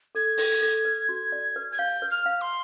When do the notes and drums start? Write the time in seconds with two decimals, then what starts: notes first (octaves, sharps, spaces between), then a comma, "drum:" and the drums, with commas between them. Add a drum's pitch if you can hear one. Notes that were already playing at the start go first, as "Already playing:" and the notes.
0.15 A4 G#6
0.38 A4, drum: open hi-hat
0.61 A4
0.85 B4
1.09 F#4
1.32 D5
1.56 B4
1.72 G#6
1.78 F5 G6
2.02 B4
2.11 F6
2.26 F5
2.41 C6